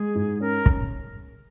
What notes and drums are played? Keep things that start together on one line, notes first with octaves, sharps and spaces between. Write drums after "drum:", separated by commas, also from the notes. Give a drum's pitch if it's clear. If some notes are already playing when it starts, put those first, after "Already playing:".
Already playing: G#3 G#4
G#2
C#4 A#4
drum: kick